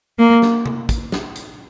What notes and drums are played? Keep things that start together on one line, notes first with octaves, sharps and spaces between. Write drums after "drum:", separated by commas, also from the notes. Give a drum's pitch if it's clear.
A#3
drum: snare
drum: tom C3
drum: kick, hi-hat
drum: snare
drum: hi-hat